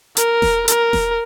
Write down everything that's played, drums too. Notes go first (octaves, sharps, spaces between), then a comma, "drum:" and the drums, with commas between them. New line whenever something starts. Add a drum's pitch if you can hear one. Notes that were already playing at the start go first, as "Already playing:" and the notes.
A#4, drum: hi-hat
drum: snare E1
A#4, drum: hi-hat
drum: snare E1